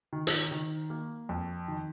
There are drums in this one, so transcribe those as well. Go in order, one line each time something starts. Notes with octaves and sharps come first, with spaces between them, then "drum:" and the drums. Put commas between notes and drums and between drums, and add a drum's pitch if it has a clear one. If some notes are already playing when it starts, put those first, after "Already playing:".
D#3
drum: hi-hat
D#3
A#3
F2
D#3